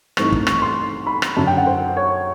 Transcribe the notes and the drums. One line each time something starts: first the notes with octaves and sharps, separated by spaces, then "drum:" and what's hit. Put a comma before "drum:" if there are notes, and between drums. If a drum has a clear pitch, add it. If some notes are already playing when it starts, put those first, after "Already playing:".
G2 E3 A3 C4 D#4 C#6, drum: rim click
drum: kick
C#6, drum: rim click
C6
B5
drum: rim click
F#2 D3 F#3 A5
G5
F#5
C5
C#5